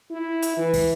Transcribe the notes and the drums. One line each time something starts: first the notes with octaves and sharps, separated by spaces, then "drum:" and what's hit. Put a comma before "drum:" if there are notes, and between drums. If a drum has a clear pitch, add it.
E4
drum: hi-hat
E3
drum: kick, open hi-hat